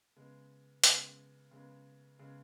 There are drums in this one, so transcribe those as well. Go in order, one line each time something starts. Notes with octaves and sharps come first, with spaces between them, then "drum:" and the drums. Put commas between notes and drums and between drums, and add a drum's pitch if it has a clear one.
C#3 G#3 B3
C#3 G#3 B3, drum: hi-hat
C#3 G#3 B3
C#3 G#3 B3